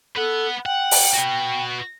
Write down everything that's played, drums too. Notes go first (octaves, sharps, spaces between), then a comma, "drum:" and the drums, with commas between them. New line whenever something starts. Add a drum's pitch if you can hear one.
A4 B4 F#5
F#5 G5
drum: open hi-hat
F#4 B4